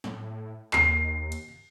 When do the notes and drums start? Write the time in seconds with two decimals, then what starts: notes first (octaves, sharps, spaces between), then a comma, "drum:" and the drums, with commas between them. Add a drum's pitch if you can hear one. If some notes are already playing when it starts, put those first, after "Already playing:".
0.04 A2, drum: snare
0.73 D#2 C7, drum: clap
1.32 drum: cymbal